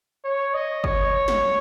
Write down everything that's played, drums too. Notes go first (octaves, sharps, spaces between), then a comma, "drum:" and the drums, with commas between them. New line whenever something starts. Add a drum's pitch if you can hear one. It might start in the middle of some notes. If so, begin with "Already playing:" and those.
C#5
D#5
C#5, drum: kick
drum: snare